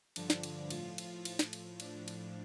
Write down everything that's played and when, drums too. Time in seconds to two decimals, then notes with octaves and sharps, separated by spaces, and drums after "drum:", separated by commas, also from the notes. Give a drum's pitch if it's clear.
0.16 G2 D3 F3 D4, drum: cymbal
0.30 drum: snare
0.43 drum: cymbal
0.70 A2 F3 F4, drum: cymbal
0.98 drum: cymbal
1.25 A2 F3, drum: cymbal
1.39 drum: snare
1.53 drum: cymbal
1.80 A2 F3 D4, drum: cymbal
2.08 drum: cymbal